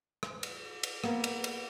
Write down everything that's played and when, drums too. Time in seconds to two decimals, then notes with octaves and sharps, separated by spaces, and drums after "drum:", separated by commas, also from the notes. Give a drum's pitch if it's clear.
0.23 drum: rim click
0.43 drum: cymbal
0.83 drum: cymbal
1.04 A#3 B3, drum: rim click
1.24 drum: cymbal
1.44 drum: cymbal